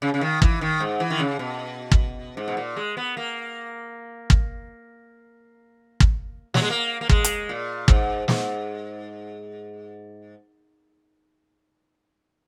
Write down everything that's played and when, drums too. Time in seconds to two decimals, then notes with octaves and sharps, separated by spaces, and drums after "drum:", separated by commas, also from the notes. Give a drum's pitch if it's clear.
0.02 C#3
0.14 C#3
0.21 D#3
0.42 E3, drum: kick
0.61 D#3
0.80 G#2
1.00 E3
1.10 D#3
1.20 C#3
1.39 B2
1.92 drum: kick
2.37 G#2
2.48 B2
2.57 A#2
2.76 G#3
2.97 B3
3.17 A#3
4.30 drum: kick
6.00 drum: kick
6.54 F#3, drum: snare
6.62 G#3
6.70 A#3
7.01 A#3
7.09 G#3, drum: kick
7.24 drum: hi-hat
7.49 A#2
7.88 G#2, drum: kick
8.28 G#2, drum: snare